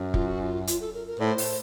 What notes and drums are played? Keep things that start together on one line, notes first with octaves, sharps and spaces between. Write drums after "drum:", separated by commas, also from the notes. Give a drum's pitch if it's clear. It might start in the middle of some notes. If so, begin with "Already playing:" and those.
Already playing: F#2
F4, drum: kick
F#4
F4
F4, drum: hi-hat
A4
A#4
A#4
A2 C5 D5
drum: open hi-hat